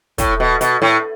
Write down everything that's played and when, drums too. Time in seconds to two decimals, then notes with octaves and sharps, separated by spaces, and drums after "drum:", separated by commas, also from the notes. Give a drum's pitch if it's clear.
0.18 A2, drum: kick, hi-hat
0.40 B2
0.61 B2, drum: hi-hat
0.82 A2